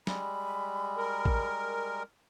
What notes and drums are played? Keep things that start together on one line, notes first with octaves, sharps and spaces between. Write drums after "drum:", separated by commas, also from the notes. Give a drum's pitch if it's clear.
G3 G#3 B5, drum: snare
A#4
drum: kick A1